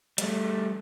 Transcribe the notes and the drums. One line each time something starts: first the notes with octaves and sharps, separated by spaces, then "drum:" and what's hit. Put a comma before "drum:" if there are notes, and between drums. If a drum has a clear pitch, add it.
G3 A3, drum: hi-hat